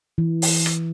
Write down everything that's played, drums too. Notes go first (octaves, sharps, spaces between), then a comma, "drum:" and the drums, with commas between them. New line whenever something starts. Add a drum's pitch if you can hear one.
E3
drum: open hi-hat
drum: rim click